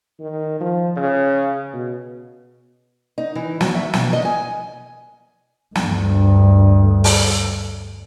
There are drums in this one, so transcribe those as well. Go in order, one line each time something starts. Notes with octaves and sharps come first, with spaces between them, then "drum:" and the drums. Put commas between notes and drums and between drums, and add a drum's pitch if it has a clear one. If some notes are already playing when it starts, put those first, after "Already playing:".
D#3
F3
C#3
B2
D#4
E3
F#3, drum: snare
E5
B2, drum: snare
D#5
G#5
D2 G2, drum: snare
drum: open hi-hat